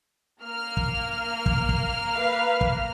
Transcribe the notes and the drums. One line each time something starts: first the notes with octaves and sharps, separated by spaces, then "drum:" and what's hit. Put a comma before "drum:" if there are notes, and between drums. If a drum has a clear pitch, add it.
A#3 F6
drum: kick
drum: kick
drum: kick
B4 F5
drum: kick